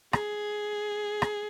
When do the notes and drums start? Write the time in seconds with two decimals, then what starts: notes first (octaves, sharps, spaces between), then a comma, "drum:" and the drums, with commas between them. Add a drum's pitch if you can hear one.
0.13 G#4, drum: rim click
1.22 drum: rim click